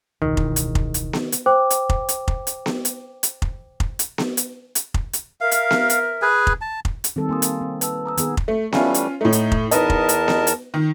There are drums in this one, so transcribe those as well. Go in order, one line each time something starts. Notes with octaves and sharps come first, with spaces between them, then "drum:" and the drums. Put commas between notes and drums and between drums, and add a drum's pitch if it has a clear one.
E1 C#2 D#3
drum: kick F1
drum: hi-hat
drum: kick F1
drum: hi-hat
drum: snare B3
drum: hi-hat
C5 G5 D6
drum: hi-hat
drum: kick F1
drum: hi-hat
drum: kick F1
drum: hi-hat
drum: snare B3
drum: hi-hat
drum: hi-hat
drum: kick F1
drum: kick F1
drum: hi-hat
drum: snare B3
drum: hi-hat
drum: hi-hat
drum: kick F1
drum: hi-hat
A#4 E5 F5
drum: hi-hat
drum: snare B3
drum: hi-hat
G#4 B4 G#5
drum: kick F1
A5
drum: kick F1
drum: hi-hat
D#3 G3 C4 A4
A#3 G#5 C6 D#6
drum: hi-hat
C4
B4 A5 E6, drum: hi-hat
A#5 D#6 E6
D#3 B3 G#4, drum: hi-hat
drum: kick F1
A3
E3 G3 A3 C#4 F4, drum: snare B3
drum: hi-hat
A2 A3 D#4
drum: hi-hat
drum: kick F1
E2 D#4 A#4 B4 D#5 A5, drum: hi-hat
drum: kick F1
drum: hi-hat
drum: snare B3
drum: hi-hat
D#3